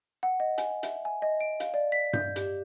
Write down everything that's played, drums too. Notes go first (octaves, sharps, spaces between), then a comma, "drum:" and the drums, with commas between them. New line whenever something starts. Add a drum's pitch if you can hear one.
F#5
D#5
G#5, drum: hi-hat
E5, drum: hi-hat
G#5
D#5
D7
F5, drum: hi-hat
D5
B6
G6, drum: tom G2
G4, drum: hi-hat